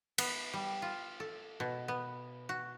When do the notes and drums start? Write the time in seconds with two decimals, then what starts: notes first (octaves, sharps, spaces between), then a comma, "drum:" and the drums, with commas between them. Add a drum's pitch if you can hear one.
0.18 B3, drum: cymbal
0.54 G3
0.82 F4
1.20 A4
1.60 B2
1.88 B3
2.49 F#4